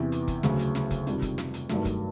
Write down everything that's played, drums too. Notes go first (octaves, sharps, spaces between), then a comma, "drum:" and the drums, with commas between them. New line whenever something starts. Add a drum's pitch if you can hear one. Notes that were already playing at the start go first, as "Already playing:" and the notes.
Already playing: E2 C3 E3
drum: hi-hat
drum: kick, hi-hat
D2 C#3 F#3, drum: snare
drum: hi-hat
drum: snare
drum: kick, hi-hat
F2 C3 D#3 G3, drum: hi-hat
drum: kick, hi-hat
drum: snare
drum: hi-hat
G2 D#3 F#3 A3, drum: snare
drum: kick, hi-hat